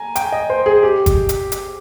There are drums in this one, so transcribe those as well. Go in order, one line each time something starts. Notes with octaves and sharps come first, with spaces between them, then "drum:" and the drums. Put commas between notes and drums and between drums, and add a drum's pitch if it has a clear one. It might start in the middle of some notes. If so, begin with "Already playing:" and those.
Already playing: G#5 A#5
G5, drum: hi-hat
D#5
C5
G#4
G4
drum: kick, hi-hat
drum: hi-hat
drum: hi-hat